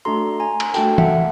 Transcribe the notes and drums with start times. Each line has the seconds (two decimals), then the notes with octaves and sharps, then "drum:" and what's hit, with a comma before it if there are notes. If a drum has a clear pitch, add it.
0.05 A3 D4 F#4 A4 A#5 C6
0.40 G#5 A#5
0.60 drum: cymbal
0.74 A3 D4 F#4 A4 G5 A5, drum: tambourine
0.98 E5 F#5, drum: tom E3